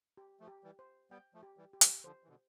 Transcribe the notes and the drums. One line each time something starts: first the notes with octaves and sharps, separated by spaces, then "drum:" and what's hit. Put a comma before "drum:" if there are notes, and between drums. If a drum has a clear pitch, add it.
G4
F3 A3
G4
E3 G3
C5
G3 B3 G5
F3 A3
G4
E3 G3
G4
E3 G3, drum: hi-hat
D3 F3 C5
E3
B2 D3